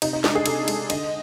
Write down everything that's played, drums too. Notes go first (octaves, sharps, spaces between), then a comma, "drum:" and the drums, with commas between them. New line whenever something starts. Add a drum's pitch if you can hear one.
C3 D#4, drum: cymbal
D#4
G#3 D4, drum: snare
G#4
C3 A4, drum: cymbal
G#3, drum: cymbal
D3 D#5, drum: cymbal